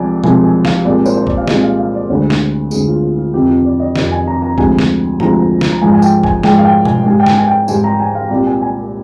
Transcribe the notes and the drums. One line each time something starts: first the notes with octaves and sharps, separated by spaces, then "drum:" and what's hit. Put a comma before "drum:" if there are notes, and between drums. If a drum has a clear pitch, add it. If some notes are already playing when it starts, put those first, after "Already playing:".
Already playing: C2 C3 F3 G#3 D5 G#5
C2 C3 F3 G#3 G#5, drum: tom B2
G#5
F5, drum: snare
C2 A#2 G#3 D5
A#4
C5, drum: tambourine
C5
D5, drum: kick
F5
C2 A#2 G#3 D#5, drum: snare
F5
F5
D5
D2 D3 G#3 C5
drum: snare
D2 D3 G#3 G#4, drum: tambourine
F4
F4
F4
F2 C3 D#3 G4
F4
D5
D#5
F2 C3 D#3 D#5, drum: snare
G#5
A#5
A#5
D2 C3 F3 G#3 G#5, drum: kick
drum: snare
D2 C3 F3 G#3 A#5, drum: tom G2
drum: snare
A#5
G#2 F3 G#3 G#5
G#5
G5, drum: tambourine
G#5, drum: kick
G#2 F3 G#3 G5, drum: snare
F5
G5
G#5, drum: tom B2
G#2 G3 G#5
G5
G#5, drum: snare
G#5
G5
G#2 G3 G#5, drum: tambourine
A#5
G#5
F5
C2 A#2 G3 D5
G#5
G#5